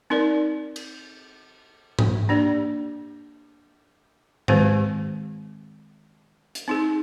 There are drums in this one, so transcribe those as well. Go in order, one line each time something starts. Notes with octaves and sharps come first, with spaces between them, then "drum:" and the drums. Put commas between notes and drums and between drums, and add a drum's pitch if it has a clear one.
C4 D#4 A#4 D5
drum: cymbal
drum: tom G#2
A#3 D4 G4 D5
D#3 G#3 C4 G4 C5, drum: tom G#2
drum: hi-hat
C4 D#4 G#4